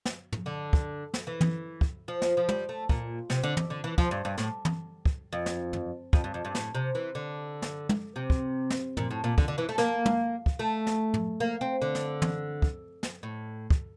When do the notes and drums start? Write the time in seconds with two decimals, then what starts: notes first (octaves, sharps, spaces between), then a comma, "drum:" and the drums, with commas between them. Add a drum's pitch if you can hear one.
0.05 drum: snare
0.32 drum: tom
0.46 D3
0.73 drum: kick
1.14 drum: snare
1.27 E3
1.41 drum: tom
1.81 drum: kick
2.08 F3
2.22 drum: snare
2.37 F3
2.49 G3, drum: tom
2.69 A3
2.89 A#2, drum: kick
3.30 C3, drum: snare
3.43 D3
3.57 drum: tom
3.70 D3
3.84 E3
3.98 F3, drum: kick
4.11 G2
4.25 G2
4.38 A2, drum: snare
4.65 drum: tom
5.06 drum: kick
5.33 F2
5.46 drum: snare
5.73 drum: tom
6.13 F2, drum: kick
6.24 G2
6.34 F2
6.45 G2
6.55 A2, drum: snare
6.75 C3
6.95 E3
7.15 D3
7.62 drum: snare
7.89 drum: tom
8.16 C3
8.30 drum: kick
8.70 drum: snare
8.97 A#2, drum: tom
9.11 A2
9.24 A#2
9.38 D3, drum: kick
9.48 D3
9.58 E3
9.69 A3
9.78 A#3, drum: snare
10.06 drum: tom
10.46 drum: kick
10.59 A3
10.87 drum: snare
11.14 drum: tom
11.40 A#3
11.61 C4
11.82 D3
11.95 drum: snare
12.22 drum: tom
12.62 drum: kick
13.03 drum: snare
13.23 A2
13.70 drum: kick